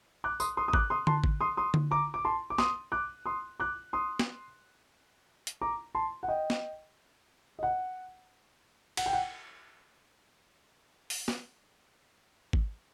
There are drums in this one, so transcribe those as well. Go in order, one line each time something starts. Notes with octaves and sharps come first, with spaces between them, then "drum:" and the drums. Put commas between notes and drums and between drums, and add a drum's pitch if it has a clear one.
D6 F#6
C6 D#6, drum: tambourine
C6 D#6
D#6
D6 F#6, drum: kick G#1
C6 D#6
A5 C6, drum: tom D3
drum: kick G#1
C6 D#6
C6 D#6
drum: tom D3
A#5 D6
D6
A5 C6
D6
C6 D#6, drum: snare
D6 F#6
C6 D#6
D6 F#6
C6 D#6
drum: snare
drum: hi-hat
A#5 D6
A5 C6
F#5
D#5 G5
drum: snare
D#5
F#5
F#5, drum: cymbal
G5
F#5
drum: open hi-hat
drum: snare
drum: kick G#1